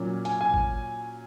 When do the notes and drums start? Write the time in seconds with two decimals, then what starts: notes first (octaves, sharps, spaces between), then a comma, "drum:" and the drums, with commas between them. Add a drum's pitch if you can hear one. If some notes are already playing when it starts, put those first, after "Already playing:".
Already playing: A#2 F#3 C#4
0.25 G#5, drum: hi-hat
0.41 G#5
0.54 drum: kick G#1